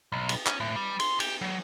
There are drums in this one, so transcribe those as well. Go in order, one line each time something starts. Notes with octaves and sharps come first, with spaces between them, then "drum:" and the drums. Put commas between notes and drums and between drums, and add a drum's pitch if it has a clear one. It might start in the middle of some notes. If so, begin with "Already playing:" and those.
B1
drum: cymbal
C#4, drum: clap
A2
G3
C6, drum: cymbal
G4, drum: cymbal
F#3